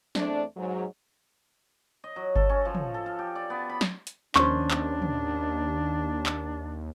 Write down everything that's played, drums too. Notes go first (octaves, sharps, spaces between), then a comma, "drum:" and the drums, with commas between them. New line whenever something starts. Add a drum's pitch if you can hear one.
E2 A3 C4 D4, drum: snare
G#2 F#3
D#5
F#3
A4, drum: kick G1
C#4
F3
drum: tom
A4
F5
G4
D5
B3
B5
drum: snare
drum: hi-hat
D#2 C#4 D4 C5 C#6, drum: clap
drum: clap
drum: tom
drum: clap